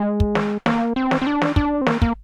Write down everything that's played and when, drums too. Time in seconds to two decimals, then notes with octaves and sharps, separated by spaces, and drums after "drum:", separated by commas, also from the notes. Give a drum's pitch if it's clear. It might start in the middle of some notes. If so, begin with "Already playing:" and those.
Already playing: G#3
0.20 drum: kick
0.35 drum: snare
0.66 A#3, drum: snare
0.96 C4
1.11 drum: snare
1.22 C4
1.27 D4
1.42 drum: snare
1.56 D4, drum: kick
1.81 C4
1.86 A#3, drum: snare
2.02 A#3, drum: kick